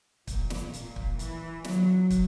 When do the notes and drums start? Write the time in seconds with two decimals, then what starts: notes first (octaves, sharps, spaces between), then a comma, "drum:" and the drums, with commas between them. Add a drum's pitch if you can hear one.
0.27 A#2, drum: kick, hi-hat
0.50 drum: snare
0.74 A#2, drum: hi-hat
0.96 drum: kick
1.19 E3, drum: hi-hat
1.64 F#3, drum: snare
2.10 drum: kick, hi-hat